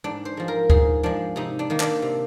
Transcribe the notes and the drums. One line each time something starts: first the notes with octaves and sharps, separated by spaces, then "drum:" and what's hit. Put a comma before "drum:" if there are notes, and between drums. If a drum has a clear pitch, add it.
G#2 D4
C5
F3 G#3
A#4
G#2 G#4, drum: kick
F3 G#3 D4
C3 D#4
D4
D#3 A#3
D4, drum: clap
C3